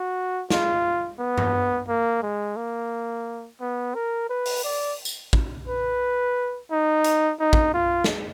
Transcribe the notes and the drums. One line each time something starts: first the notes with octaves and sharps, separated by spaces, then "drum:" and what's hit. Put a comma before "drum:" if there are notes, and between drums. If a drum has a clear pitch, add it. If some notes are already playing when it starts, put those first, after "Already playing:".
Already playing: F#4
F4, drum: snare
B3
drum: tom G2
A#3
G#3
A#3
B3
A#4
B4
drum: open hi-hat
D5
drum: tambourine
drum: kick
B4
D#4
drum: hi-hat
D#4
drum: kick
F4
drum: snare